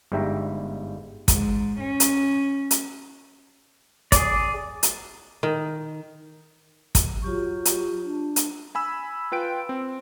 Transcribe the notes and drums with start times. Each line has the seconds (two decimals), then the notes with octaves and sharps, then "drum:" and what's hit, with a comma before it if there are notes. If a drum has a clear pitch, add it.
0.12 G1 G#2 G3 E5 G5 A#5
1.28 G#2, drum: kick, hi-hat
1.80 C#4
2.00 drum: hi-hat
2.71 drum: hi-hat
4.12 G#4 D5, drum: kick, hi-hat
4.83 drum: hi-hat
5.43 D#3
6.95 drum: kick, hi-hat
7.22 F#3 F4 G4 C#6
7.65 drum: hi-hat
8.05 D4
8.36 drum: hi-hat
8.75 G#5 B5 E6
9.32 F4 B4 G5 D7
9.69 C4